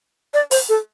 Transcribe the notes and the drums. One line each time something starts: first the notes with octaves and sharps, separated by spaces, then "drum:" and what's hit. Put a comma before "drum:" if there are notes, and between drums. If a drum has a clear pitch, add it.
D5
C5, drum: open hi-hat
A4